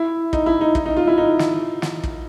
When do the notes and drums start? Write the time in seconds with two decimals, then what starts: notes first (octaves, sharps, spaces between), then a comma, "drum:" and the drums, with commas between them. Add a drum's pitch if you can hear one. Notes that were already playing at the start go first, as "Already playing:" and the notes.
Already playing: E4
0.33 D#4, drum: kick
0.46 E4
0.61 D#4
0.75 D#4, drum: kick
0.86 D#4
0.97 F4
1.07 E4
1.18 D#4
1.39 drum: snare
1.82 drum: snare
2.04 drum: kick